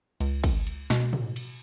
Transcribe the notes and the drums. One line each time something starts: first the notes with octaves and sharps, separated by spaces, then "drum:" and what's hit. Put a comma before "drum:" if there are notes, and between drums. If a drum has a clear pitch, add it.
C#2, drum: cymbal
drum: kick, cymbal
drum: cymbal
B2, drum: snare
drum: tom
drum: cymbal